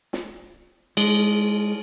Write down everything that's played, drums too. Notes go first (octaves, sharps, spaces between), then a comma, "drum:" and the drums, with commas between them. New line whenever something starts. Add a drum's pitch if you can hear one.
drum: snare
G#3, drum: cymbal